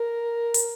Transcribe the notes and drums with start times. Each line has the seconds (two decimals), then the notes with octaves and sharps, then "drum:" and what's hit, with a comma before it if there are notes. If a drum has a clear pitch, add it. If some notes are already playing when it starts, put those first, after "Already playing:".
Already playing: A#4
0.54 drum: hi-hat